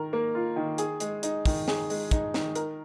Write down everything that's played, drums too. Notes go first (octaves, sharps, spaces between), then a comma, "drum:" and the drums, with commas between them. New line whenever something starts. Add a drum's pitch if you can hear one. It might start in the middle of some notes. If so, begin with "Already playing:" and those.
Already playing: D#3 A#4
A#3
F4
D#3
G#4, drum: hi-hat
G#3, drum: hi-hat
D#4, drum: hi-hat
D#3, drum: kick, open hi-hat
G#4, drum: snare
G#3, drum: open hi-hat
D#4, drum: kick, hi-hat
D#3, drum: snare
A#4, drum: hi-hat